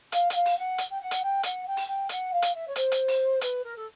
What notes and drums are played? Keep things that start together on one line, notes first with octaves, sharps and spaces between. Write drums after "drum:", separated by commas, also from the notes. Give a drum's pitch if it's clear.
F5, drum: hi-hat
F#5, drum: hi-hat
F5
drum: open hi-hat
F#5
drum: hi-hat
G5
F#5
drum: hi-hat
G5
F#5, drum: hi-hat
G5
drum: open hi-hat
G5
F#5, drum: hi-hat
F5
drum: hi-hat
E5
C#5
C5, drum: hi-hat
drum: hi-hat
drum: open hi-hat
B4, drum: hi-hat
A#4
A4